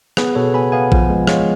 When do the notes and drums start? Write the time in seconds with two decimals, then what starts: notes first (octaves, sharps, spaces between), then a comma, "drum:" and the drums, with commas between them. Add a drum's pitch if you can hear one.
0.17 B3 G#4 B4, drum: rim click
0.35 B2 A4 C#5
0.54 B3 G#5 B5
0.72 B3 F5 G#5
0.92 F3, drum: kick A1
1.10 G#3
1.27 G#3 C#5 F5, drum: rim click